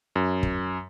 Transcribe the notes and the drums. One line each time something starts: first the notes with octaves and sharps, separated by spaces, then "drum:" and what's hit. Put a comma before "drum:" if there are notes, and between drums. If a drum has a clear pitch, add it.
F#2
drum: kick